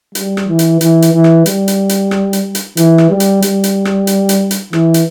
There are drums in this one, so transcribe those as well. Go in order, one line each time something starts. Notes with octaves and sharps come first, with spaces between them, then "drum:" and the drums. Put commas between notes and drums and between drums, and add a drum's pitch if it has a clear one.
G3, drum: hi-hat
drum: rim click
E3
drum: hi-hat
E3, drum: hi-hat
drum: hi-hat
E3
drum: rim click
G3, drum: hi-hat
drum: hi-hat
drum: hi-hat
drum: rim click
drum: hi-hat
drum: hi-hat
E3, drum: hi-hat
drum: rim click
G3
drum: hi-hat
G3, drum: hi-hat
drum: hi-hat
drum: rim click
drum: hi-hat
drum: hi-hat
drum: hi-hat
E3, drum: rim click
drum: hi-hat